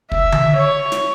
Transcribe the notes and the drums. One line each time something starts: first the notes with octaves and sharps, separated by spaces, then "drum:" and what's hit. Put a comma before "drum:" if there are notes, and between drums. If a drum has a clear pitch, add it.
E5, drum: kick
drum: tom D3
C#5
drum: snare